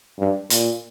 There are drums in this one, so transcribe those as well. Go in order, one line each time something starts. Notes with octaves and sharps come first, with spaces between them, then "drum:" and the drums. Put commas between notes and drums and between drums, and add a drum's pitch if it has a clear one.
G2
A#2, drum: hi-hat